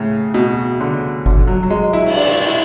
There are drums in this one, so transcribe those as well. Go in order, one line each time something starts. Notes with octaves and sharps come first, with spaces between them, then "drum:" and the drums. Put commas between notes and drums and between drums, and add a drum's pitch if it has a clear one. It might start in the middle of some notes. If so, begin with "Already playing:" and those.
Already playing: A2 C#3
B2
D3
D3, drum: kick G1
F#3
F#3
G#3
E4
drum: cymbal
D4
E4